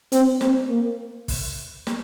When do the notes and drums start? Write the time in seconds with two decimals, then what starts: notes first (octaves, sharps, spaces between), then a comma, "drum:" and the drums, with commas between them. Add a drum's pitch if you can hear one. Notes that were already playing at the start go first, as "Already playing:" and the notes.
0.12 C4, drum: hi-hat
0.41 C4, drum: snare
0.69 A#3
1.28 drum: kick, open hi-hat
1.87 drum: snare